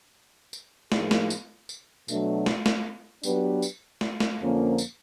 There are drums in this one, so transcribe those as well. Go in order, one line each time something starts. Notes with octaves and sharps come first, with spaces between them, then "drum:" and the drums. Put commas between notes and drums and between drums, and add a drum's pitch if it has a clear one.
drum: tambourine
A2 F3 A#3 D#4 G#4, drum: snare
drum: snare
drum: tambourine
drum: tambourine
B2 F#3 A3 D4, drum: tambourine
drum: snare
drum: snare
F#3 B3 D4 G4 B4, drum: tambourine
drum: tambourine
drum: snare
drum: snare
F2 D3 F3 A#3 C#4
drum: tambourine